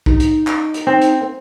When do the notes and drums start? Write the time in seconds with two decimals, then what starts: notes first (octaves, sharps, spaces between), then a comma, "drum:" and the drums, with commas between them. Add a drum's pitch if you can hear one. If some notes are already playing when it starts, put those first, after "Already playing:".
0.06 D#4, drum: kick A#1
0.20 drum: hi-hat
0.47 drum: clap
0.74 drum: hi-hat
0.87 C4
1.01 drum: hi-hat